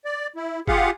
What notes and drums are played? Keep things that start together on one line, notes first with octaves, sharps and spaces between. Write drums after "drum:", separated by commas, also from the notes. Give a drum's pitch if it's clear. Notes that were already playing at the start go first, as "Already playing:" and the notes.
D5
E4
F4 G4 G#4 F5 F#5, drum: kick F#1